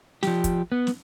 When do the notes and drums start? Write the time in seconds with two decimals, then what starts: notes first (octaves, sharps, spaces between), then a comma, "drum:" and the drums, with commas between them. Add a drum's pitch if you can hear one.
0.23 F3 G4, drum: snare
0.44 drum: kick, hi-hat
0.72 B3
0.87 drum: snare